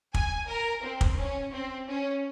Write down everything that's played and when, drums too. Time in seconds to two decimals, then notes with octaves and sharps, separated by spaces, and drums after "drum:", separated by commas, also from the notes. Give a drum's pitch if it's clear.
0.14 G#5, drum: kick
0.48 A#4
0.84 C4
1.01 drum: kick
1.18 C#4
1.52 C4
1.87 C#4